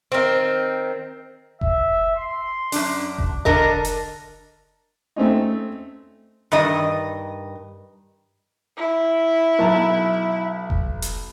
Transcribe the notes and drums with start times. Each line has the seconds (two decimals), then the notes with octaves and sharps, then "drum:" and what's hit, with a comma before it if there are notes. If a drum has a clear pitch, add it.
0.12 D#3 C4
1.61 E5, drum: kick F1
2.16 C6
2.72 F#2 D4, drum: open hi-hat
3.18 drum: kick F1
3.45 D3 A#4 D#5 A5, drum: kick F1
3.85 drum: hi-hat
5.16 A3 C4 C#4 D#4
6.52 G2 D#3 D#5
8.77 E4
9.59 B1 A5 A#5
10.70 drum: kick F1
11.02 drum: hi-hat